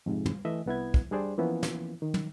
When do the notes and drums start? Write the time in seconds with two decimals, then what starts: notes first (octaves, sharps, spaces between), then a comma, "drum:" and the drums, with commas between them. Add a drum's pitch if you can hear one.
0.06 F2 G#2 C3
0.26 drum: tom
0.45 E3 A3 D#5 E5
0.66 C2 B3 E4 G#6
0.94 drum: kick
1.11 G3 D4 G#4 C5 D5
1.38 E3 F3 A#3 B3 C#4 E4
1.63 drum: snare
2.02 D#3
2.14 drum: tom